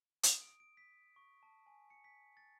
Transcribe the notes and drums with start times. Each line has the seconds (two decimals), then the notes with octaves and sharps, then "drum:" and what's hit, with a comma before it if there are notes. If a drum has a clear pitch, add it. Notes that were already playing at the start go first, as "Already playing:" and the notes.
0.23 D#6, drum: hi-hat
0.42 D7
0.60 D7
0.77 B6
1.16 C#6
1.43 A5
1.66 G#5
1.90 C#7
2.04 B6
2.37 A6